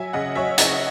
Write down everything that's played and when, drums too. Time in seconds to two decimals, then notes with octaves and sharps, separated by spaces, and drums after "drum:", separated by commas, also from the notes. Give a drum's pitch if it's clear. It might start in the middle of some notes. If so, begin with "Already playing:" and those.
Already playing: F#3 E5 G#5
0.13 C#3 D#5 F#5
0.35 F#3 C#5 E5
0.58 C#3 D#5 F#5, drum: hi-hat